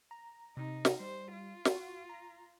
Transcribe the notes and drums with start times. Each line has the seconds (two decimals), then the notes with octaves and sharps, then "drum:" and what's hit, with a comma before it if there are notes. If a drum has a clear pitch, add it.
0.11 A#5
0.57 C3 D#4
0.85 drum: snare
1.00 G3 C5
1.33 F4
1.65 drum: snare
1.75 F#4
2.09 A#5